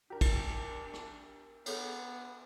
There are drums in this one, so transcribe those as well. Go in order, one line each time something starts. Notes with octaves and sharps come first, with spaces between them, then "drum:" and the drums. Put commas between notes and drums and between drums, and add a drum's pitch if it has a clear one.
D4 G4 A#4
drum: kick, cymbal
drum: rim click
B3 G#4 A4 C#5, drum: cymbal